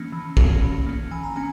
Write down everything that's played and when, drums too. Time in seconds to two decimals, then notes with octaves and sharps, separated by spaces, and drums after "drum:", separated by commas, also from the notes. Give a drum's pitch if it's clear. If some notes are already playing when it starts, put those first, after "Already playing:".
Already playing: E3 A#3 C#4
0.12 E3
0.37 A#3 C#4, drum: kick
0.62 E3
0.86 A#3 C#4
1.11 E3 G#5
1.24 A#5
1.36 A#3 C#4 G#5